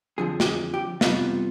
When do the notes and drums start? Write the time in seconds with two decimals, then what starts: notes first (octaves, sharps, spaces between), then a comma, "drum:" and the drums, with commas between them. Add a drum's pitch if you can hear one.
0.18 F2 D3 F3 G#4
0.40 G4, drum: snare
0.46 G#4
0.74 G4
1.01 C3 G3 B3 F4, drum: snare